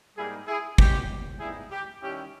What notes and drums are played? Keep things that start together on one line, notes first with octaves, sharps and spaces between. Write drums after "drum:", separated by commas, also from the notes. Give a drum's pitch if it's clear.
G#2 G3 A#3 D#4 E4 G#4
E4 G#4
E3 G#3 C#4 G4, drum: kick
G#2 G3 B3 D#4 E4 G#4
G4
D#3 G3 C#4 E4 G4